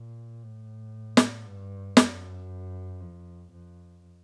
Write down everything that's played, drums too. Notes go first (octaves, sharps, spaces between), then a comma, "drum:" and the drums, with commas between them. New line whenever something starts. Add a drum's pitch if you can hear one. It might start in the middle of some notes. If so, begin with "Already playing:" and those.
Already playing: A#2
A2
drum: snare
G2
F#2, drum: snare
F2
F2